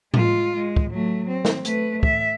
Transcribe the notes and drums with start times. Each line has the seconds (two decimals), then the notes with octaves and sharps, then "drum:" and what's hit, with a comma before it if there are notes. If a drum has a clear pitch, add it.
0.14 G#3 F4, drum: tom A2
0.56 G#3
0.76 drum: kick
0.90 F#3 A3
1.29 C4
1.45 drum: snare
1.65 A3 B4, drum: hi-hat
2.03 E5, drum: kick